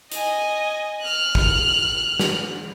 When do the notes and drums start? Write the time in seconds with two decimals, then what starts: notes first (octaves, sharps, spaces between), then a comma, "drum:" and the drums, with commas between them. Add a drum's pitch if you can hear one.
0.12 D#5 G#5, drum: hi-hat
1.01 F6 F#6
1.35 drum: kick
2.19 drum: snare